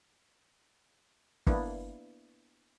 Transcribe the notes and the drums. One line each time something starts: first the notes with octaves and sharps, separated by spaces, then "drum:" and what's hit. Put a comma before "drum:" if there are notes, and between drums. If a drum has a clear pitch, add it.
A#3 B3 D4 E4, drum: kick